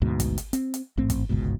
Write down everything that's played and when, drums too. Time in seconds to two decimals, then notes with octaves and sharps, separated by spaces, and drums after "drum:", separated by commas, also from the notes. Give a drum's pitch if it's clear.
0.02 D2 G#2 B2
0.20 drum: kick, hi-hat
0.38 drum: hi-hat
0.53 C4, drum: hi-hat
0.74 drum: hi-hat
0.97 A1 G#2 A3 C4
1.10 drum: kick, hi-hat
1.29 G1 C#2 G#2 B2